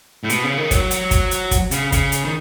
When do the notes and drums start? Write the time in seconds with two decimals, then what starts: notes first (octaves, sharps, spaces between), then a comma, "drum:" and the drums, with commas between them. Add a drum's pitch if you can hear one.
0.24 A2
0.30 B2, drum: hi-hat
0.44 C#3
0.58 D#3
0.71 F#3, drum: kick, hi-hat
0.91 drum: hi-hat
1.11 drum: kick, hi-hat
1.31 drum: hi-hat
1.51 drum: kick, hi-hat
1.71 C#3, drum: hi-hat
1.92 C#3, drum: kick, hi-hat
2.12 drum: hi-hat
2.25 D#3